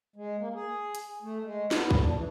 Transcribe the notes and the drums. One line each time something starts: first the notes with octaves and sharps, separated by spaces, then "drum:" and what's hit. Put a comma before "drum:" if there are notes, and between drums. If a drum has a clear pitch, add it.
G#3
A#3
G#4
drum: hi-hat
A3
G#3
B3, drum: snare
drum: kick
D4
E3